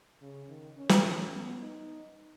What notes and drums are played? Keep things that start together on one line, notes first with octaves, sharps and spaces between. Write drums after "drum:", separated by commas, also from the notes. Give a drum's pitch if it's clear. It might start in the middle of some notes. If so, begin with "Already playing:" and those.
C#3
D#3
C#4
drum: snare
C#4
B3
D#4